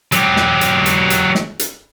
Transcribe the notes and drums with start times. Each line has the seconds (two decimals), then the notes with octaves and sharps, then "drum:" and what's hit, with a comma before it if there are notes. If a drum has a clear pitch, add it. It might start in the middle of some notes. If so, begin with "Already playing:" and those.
0.12 F#3 G4, drum: hi-hat
0.37 drum: snare
0.61 drum: hi-hat
0.86 drum: hi-hat
1.10 drum: hi-hat
1.35 drum: snare
1.59 drum: hi-hat